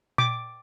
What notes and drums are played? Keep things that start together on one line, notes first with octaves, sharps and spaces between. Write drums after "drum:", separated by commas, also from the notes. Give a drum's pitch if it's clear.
D6, drum: tom A#2